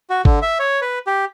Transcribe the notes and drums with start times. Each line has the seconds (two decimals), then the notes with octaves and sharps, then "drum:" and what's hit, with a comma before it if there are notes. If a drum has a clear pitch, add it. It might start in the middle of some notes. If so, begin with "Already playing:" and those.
0.10 F#4
0.25 D3, drum: kick G#1
0.42 E5
0.59 C#5
0.82 B4
1.07 G4